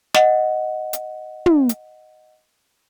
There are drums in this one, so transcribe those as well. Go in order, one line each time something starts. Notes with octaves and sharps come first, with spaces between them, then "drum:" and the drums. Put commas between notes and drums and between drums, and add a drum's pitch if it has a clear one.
D#5 F#5, drum: snare
drum: hi-hat
drum: tom
drum: hi-hat